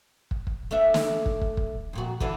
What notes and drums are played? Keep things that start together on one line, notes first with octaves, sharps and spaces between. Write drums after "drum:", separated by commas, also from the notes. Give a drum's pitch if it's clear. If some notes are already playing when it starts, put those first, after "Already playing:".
drum: kick
drum: kick
A3 D4 E5
drum: snare
drum: kick
drum: kick
drum: kick
F2 A#2 F#4
D3 E3 D4, drum: kick